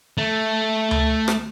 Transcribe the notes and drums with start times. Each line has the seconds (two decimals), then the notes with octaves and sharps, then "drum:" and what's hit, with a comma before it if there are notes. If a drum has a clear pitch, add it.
0.18 A3
0.91 drum: tom C#2
1.28 drum: rim click